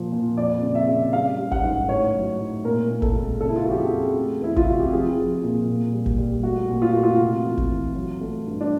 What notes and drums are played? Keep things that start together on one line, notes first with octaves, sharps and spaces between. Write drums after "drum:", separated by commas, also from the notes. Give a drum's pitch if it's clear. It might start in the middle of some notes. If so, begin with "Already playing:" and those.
Already playing: A#2 F3
A#2
F2 D5
C#3
E5
C#3
G3 F5
G3
F#5, drum: kick
G#2
A2 C#5
F#3
A2
A#2 A#4
A#2
A4, drum: kick
G#3
C#3 A4
E4
F4
F2 F#4
G4
G#4
F2
A3
E2 E4
F4, drum: kick
C3 F#4
G4
F3 G#4
F3
A#2
A#2
G3
drum: kick
G3
A3 F#4
A#2
F4
A3 F#4
F4
C3
E3
drum: kick
E3
F#3
A3
G2
D4